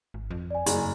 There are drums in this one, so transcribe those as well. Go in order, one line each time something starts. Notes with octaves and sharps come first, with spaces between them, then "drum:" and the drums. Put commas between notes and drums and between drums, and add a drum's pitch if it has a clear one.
G#1
F2
D5 G#5
F#1 F#2, drum: hi-hat